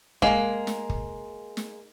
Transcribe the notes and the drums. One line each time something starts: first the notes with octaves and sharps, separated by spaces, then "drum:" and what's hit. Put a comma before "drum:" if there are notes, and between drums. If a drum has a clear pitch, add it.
G#3 A#3, drum: kick
drum: snare
drum: kick
drum: snare